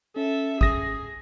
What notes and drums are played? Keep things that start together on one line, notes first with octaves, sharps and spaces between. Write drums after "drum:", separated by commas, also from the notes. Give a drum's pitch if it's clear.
C#4 A4 E5
G#4 D#6 A#6, drum: kick